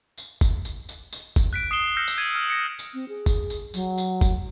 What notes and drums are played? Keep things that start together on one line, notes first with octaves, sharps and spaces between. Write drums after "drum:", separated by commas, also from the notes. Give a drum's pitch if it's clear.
drum: tambourine
drum: kick, tambourine
drum: tambourine
drum: tambourine
drum: tambourine
drum: kick, tambourine
F#6 B6 D7
D#6 C7 D7 E7 G7
E6 F6 G6 A#6 C#7 E7
drum: tambourine
E6 G#6 D#7
F6
A#6 C#7
drum: tambourine
C4
G#4
drum: kick, tambourine
drum: tambourine
F#3, drum: tambourine
drum: tambourine
drum: kick, tambourine